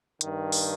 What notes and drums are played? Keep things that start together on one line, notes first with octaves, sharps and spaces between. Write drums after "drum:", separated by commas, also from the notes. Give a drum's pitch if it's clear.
G2 D#3, drum: hi-hat
drum: open hi-hat